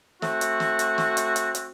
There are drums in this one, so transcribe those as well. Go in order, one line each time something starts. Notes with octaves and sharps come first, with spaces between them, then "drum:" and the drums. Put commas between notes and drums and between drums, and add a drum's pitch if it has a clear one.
A3 C4 F#4, drum: snare
drum: hi-hat
drum: snare
drum: hi-hat
drum: snare
drum: hi-hat
drum: hi-hat
drum: hi-hat